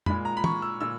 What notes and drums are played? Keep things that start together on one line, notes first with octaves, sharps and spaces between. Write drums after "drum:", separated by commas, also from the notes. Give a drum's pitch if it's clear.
A#2 G#3 B5, drum: tom F2
A#5
B5
C#6, drum: tom
E6
A#2 E6